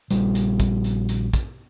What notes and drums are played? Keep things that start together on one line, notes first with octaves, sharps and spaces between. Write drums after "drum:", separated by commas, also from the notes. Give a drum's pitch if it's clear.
A#1 G3, drum: hi-hat
drum: hi-hat
drum: kick, hi-hat
drum: hi-hat
drum: hi-hat
drum: kick, hi-hat